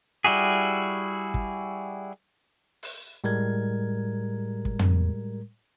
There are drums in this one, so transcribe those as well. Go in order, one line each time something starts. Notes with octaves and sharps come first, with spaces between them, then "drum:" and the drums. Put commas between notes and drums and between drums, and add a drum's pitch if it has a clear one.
G3 E4 F#4 G#4
drum: kick
drum: open hi-hat
A2 G3 G#3 A#4 G#6
drum: kick
drum: tom